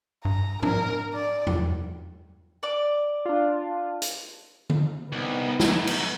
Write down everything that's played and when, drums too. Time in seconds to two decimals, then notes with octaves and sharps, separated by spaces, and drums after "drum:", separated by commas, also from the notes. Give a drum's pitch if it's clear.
0.25 G2 A#5
0.63 D4 A#4, drum: tom G#2
1.14 D5
1.47 drum: tom E2
2.63 D5 D6
3.26 D4 F4
4.02 drum: hi-hat
4.70 drum: tom D3
5.12 C2 B3 D#4
5.60 F#3 A3, drum: snare
5.87 drum: cymbal